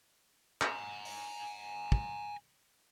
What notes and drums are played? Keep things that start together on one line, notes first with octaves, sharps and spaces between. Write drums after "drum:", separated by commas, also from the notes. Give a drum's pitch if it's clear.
G#5 A#5, drum: clap
drum: open hi-hat
drum: kick